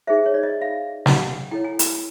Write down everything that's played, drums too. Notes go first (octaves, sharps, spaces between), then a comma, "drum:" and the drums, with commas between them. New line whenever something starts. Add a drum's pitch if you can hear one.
D#4 G#4 C5 E5
C#5
D5
D#5
F5
F#5, drum: snare
G5
G5
E4 A4 C#5 G5
G#5
G5, drum: hi-hat